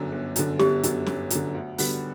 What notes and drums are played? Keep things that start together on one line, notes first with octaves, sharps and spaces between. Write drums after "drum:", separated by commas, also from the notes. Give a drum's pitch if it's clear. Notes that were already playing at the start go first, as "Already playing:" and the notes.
Already playing: G1 F#2 D3
G1
F#2 D3, drum: hi-hat
G1 G4, drum: snare
F#2 D3, drum: hi-hat
G1, drum: snare
F#2 D3, drum: hi-hat
D2
D3 G3 B3 F#4, drum: open hi-hat